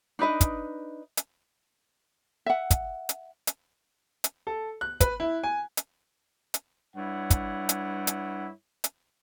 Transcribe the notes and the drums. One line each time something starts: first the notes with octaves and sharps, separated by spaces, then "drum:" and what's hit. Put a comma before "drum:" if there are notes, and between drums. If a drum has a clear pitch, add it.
D4 D#4 B4 D#5
drum: kick, hi-hat
drum: hi-hat
E5 F#5
drum: kick, hi-hat
drum: hi-hat
drum: hi-hat
drum: hi-hat
A4
F#6
B4, drum: kick, hi-hat
E4
G#5
drum: hi-hat
drum: hi-hat
G2 E4 C#5 F#5
drum: kick, hi-hat
drum: hi-hat
drum: hi-hat
drum: hi-hat